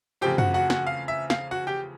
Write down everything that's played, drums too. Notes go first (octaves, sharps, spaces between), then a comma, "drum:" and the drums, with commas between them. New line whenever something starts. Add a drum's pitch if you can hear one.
E2 C#3 F3 A3 C4 G4 G5
F#4 F#5, drum: tom F#2
F#4 F#5
F#4 F#5, drum: snare
F5
E5
F5, drum: snare
F#4 F#5
G4 G5